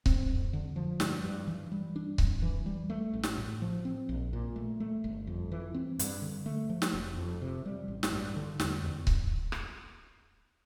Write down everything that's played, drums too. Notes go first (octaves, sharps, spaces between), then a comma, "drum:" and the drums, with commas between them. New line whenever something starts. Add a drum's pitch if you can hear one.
C4, drum: kick C#1
F2
D3
F3
G2, drum: snare
G2
E3
G3
D4
F2, drum: kick C#1
E3
G3
A3
A1
drum: snare
A2
F3
C4
A#1
A#2
A3
A3
G1
F2
E3
C4
G2, drum: hi-hat
D3
A3
F3
drum: snare
F1
F2
C3
G3
A1
drum: snare
G2
D3
E2, drum: snare
E2
drum: kick C#1
drum: rim click